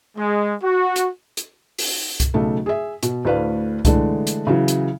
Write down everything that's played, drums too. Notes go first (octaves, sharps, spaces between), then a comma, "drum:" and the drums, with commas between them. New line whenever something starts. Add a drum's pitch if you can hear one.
G#3
F#4
drum: hi-hat
drum: hi-hat
drum: open hi-hat
drum: kick C2, hi-hat
B1 C#3 A3
G#4 E5
B2, drum: hi-hat
D2 A2 B4 D5 F5
D3 E3 G#3 A3 D4, drum: kick C2, hi-hat
drum: hi-hat
C#3 E3 F#3
drum: hi-hat